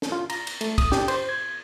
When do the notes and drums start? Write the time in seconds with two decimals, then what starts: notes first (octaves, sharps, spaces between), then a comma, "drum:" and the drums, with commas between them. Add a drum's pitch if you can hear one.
0.02 drum: snare
0.12 F4
0.30 A#5, drum: cymbal
0.47 drum: cymbal
0.61 A3, drum: cymbal
0.78 D#6, drum: kick, cymbal
0.92 G4, drum: snare
1.08 C5, drum: cymbal
1.29 G#6